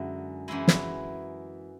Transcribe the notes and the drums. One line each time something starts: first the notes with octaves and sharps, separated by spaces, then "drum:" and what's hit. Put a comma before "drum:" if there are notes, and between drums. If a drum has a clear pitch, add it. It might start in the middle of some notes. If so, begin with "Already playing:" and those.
Already playing: F#2 D3 G#3 E4
F#2 E3 G#3 E4 G#4
drum: snare